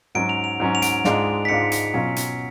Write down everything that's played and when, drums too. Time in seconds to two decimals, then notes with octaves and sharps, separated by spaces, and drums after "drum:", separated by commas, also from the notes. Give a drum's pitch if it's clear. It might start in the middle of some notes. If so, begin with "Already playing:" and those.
0.15 G#2 F#3 C#4 D7
0.29 F7
0.44 F7
0.60 G#2 F#3 C#4
0.75 F7
0.82 D7, drum: hi-hat
1.04 G#2 G#3 D4 F4, drum: snare
1.45 B6
1.49 G#2 G#3 D4 F4 C#7
1.72 drum: hi-hat
1.94 B2 F#3 C#4 F4
2.16 drum: hi-hat